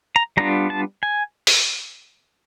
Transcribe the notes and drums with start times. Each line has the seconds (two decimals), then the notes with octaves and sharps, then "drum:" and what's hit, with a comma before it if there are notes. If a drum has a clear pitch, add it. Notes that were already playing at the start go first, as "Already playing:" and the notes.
0.16 A#5
0.37 G3 B3 D4 F4 A#5
0.70 A5
1.03 G#5
1.47 drum: open hi-hat